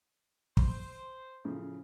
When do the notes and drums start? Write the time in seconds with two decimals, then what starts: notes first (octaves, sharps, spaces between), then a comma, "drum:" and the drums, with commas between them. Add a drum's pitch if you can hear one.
0.57 C5, drum: kick
1.45 A2 C#3 F3